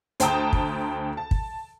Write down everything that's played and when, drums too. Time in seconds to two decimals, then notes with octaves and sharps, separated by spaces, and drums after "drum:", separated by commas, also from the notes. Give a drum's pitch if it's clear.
0.20 D2 C5 G5 A5 A#5 D#6, drum: hi-hat
0.53 drum: kick
1.17 A5
1.31 drum: kick